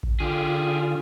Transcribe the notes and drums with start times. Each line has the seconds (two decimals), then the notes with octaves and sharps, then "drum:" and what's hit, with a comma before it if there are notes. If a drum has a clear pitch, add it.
0.03 drum: kick A1
0.20 D3 F4 G4 G#4